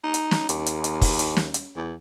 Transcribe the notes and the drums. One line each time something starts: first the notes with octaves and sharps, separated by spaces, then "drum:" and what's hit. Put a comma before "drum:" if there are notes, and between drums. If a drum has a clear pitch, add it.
D#4
drum: hi-hat
drum: snare
D#2, drum: hi-hat
drum: hi-hat
drum: hi-hat
drum: kick, open hi-hat
drum: hi-hat
drum: snare
drum: hi-hat
E2